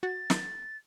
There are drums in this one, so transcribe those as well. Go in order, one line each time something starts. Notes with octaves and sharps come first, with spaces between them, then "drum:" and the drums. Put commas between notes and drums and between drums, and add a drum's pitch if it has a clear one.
F#4 A6
drum: snare